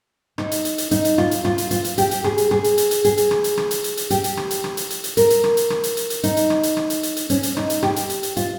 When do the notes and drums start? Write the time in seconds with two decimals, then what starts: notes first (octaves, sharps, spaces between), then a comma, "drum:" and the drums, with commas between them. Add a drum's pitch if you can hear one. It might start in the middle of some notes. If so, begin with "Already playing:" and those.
0.38 D#4, drum: rim click
0.52 drum: hi-hat
0.65 drum: hi-hat
0.78 drum: hi-hat
0.91 D#4, drum: hi-hat
1.05 drum: hi-hat
1.18 F4, drum: rim click
1.31 drum: hi-hat
1.45 F4, drum: rim click
1.58 drum: hi-hat
1.71 F4, drum: hi-hat
1.85 drum: hi-hat
1.98 G4, drum: hi-hat
2.11 drum: hi-hat
2.24 G#4, drum: rim click
2.38 drum: hi-hat
2.51 G#4, drum: rim click
2.64 drum: hi-hat
2.78 drum: hi-hat
2.91 drum: hi-hat
3.05 G#4, drum: hi-hat
3.18 drum: hi-hat
3.31 drum: rim click
3.44 drum: hi-hat
3.57 drum: rim click
3.71 drum: hi-hat
3.84 drum: hi-hat
3.97 drum: hi-hat
4.10 G4, drum: hi-hat
4.24 drum: hi-hat
4.37 drum: rim click
4.51 drum: hi-hat
4.64 drum: rim click
4.77 drum: hi-hat
4.90 drum: hi-hat
5.04 drum: hi-hat
5.17 A#4, drum: hi-hat
5.30 drum: hi-hat
5.44 drum: rim click
5.57 drum: hi-hat
5.70 drum: rim click
5.84 drum: hi-hat
5.97 drum: hi-hat
6.10 drum: hi-hat
6.23 D#4, drum: hi-hat
6.37 drum: hi-hat
6.50 drum: rim click
6.63 drum: hi-hat
6.77 drum: rim click
6.90 drum: hi-hat
7.03 drum: hi-hat
7.17 drum: hi-hat
7.30 C#4, drum: hi-hat
7.43 drum: hi-hat
7.57 D#4, drum: rim click
7.70 drum: hi-hat
7.82 G4, drum: rim click
7.96 drum: hi-hat
8.10 drum: hi-hat
8.23 drum: hi-hat
8.37 F4, drum: hi-hat